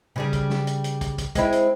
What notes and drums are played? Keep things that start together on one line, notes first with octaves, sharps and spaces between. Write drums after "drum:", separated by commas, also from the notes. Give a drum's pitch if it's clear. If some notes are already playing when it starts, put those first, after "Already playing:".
C#3 G3 G#4
drum: kick, hi-hat
drum: snare
drum: hi-hat
drum: hi-hat
drum: kick, hi-hat
drum: kick, hi-hat
G#3 C4 E4, drum: kick, hi-hat
drum: hi-hat